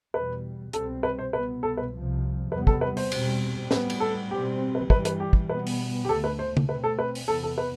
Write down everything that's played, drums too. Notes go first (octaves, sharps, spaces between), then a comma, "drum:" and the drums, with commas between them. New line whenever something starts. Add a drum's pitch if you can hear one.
E2 B2 G3 B4
C2 B2 G3 C4 A4, drum: hi-hat
B4
C5
C2 B2 B3 B4
A4
B4
C2 C3 F3
E2 C3 G3 B3 B4
A4, drum: kick
B4
C5, drum: open hi-hat
B2 G3 C4, drum: cymbal
A2 G3 B3 B4, drum: snare
drum: cymbal
A4
B2 G3 C4 G4
B4
G2 E3 G3 B4, drum: kick
B4, drum: hi-hat
G4
drum: kick
B2 G3 B3 B4
drum: open hi-hat
G4
D2 D3 A3 A4
B4
C5
drum: tom C#3
B2 A3 C4 B4
A4
B4
drum: open hi-hat
E2 C3 E3 B3 A4
A4
B4